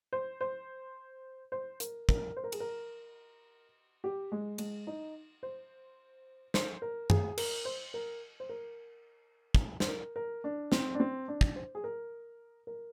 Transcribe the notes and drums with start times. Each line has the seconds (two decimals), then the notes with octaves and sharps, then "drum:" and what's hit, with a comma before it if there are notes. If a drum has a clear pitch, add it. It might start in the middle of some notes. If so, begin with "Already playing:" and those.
0.13 C5
0.41 C5
1.52 C5
1.80 A#4, drum: hi-hat
2.09 A#4, drum: kick
2.37 C5
2.44 A#4
2.52 G#4, drum: cymbal
2.60 A#4
4.04 G4
4.32 G#3
4.58 G#3, drum: cymbal
4.87 D#4
5.43 C5
6.54 C5, drum: snare
6.82 A#4
7.10 G#4, drum: tom F#2
7.38 A#4, drum: cymbal
7.65 C5
7.94 A#4
8.40 C5
8.49 A#4
9.55 drum: kick
9.80 C5, drum: snare
9.88 A#4
10.16 A#4
10.44 D4
10.72 C4, drum: snare
10.95 D4
11.00 C4
11.28 D4
11.41 drum: kick
11.56 C5
11.75 G#4
11.84 A#4
12.67 A#4